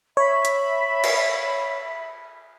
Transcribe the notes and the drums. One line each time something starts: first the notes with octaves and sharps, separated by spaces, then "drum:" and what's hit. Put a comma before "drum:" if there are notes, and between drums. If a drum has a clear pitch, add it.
C#5 E5 B5
drum: hi-hat
drum: cymbal